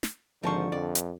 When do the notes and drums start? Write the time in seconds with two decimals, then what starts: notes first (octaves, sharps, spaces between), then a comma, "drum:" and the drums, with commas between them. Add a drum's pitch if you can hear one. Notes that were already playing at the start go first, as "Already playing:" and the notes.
0.03 drum: snare
0.43 G#1 D3 F3 A#4 C5 A5 C#6
0.72 F2 D5
0.95 drum: hi-hat